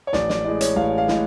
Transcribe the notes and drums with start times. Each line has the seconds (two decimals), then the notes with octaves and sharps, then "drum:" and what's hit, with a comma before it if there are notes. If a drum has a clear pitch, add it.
0.07 C#5
0.13 A1 D5, drum: snare
0.29 D5, drum: snare
0.45 A2 G#3 D5
0.61 C#5, drum: hi-hat
0.76 A1 F5
0.98 F5
1.08 A2 G#3, drum: snare